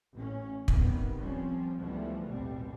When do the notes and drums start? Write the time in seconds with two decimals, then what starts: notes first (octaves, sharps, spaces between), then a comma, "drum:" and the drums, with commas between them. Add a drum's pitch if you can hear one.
0.13 A1 C#4
0.68 C3 D#3 G3 B3, drum: kick
1.19 F3 G3 C4 C#4
1.80 C#2 E3 F3 G3 A3 B3
2.26 A1 D#2 B2 G3 C4